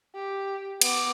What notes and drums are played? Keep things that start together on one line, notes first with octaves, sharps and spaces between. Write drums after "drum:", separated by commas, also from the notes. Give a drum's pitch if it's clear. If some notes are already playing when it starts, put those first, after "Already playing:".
G4
B3 D6, drum: cymbal